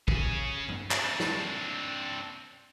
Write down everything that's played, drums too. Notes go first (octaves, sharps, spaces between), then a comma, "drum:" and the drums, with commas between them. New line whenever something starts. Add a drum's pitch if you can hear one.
C#4 G#4, drum: kick
drum: tom G2
C4 D4, drum: clap
drum: snare